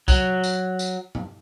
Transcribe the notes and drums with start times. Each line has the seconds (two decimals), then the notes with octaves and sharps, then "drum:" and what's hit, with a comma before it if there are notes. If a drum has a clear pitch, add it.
0.08 F#3, drum: kick, tambourine
0.44 drum: tambourine
0.79 drum: tambourine
1.15 drum: tom G2